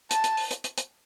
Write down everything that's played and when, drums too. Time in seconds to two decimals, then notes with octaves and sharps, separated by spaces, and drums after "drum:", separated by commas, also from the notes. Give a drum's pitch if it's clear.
0.11 A5, drum: hi-hat
0.24 drum: hi-hat
0.37 drum: open hi-hat
0.51 drum: hi-hat
0.64 drum: hi-hat
0.78 drum: hi-hat